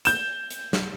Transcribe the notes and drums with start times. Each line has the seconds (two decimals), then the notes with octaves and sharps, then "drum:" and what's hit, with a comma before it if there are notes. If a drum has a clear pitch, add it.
0.05 G6 E7, drum: hi-hat
0.50 drum: hi-hat
0.73 drum: snare